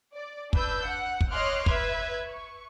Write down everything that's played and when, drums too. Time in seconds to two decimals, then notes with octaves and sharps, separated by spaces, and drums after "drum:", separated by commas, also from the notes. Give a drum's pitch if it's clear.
0.14 D5
0.53 D4 B4 E6 G6, drum: kick
0.86 F#5
1.21 drum: kick
1.32 C#5 D#5 C6 D6 F6 F#6
1.66 B4 E5 G#6, drum: kick
2.29 C#6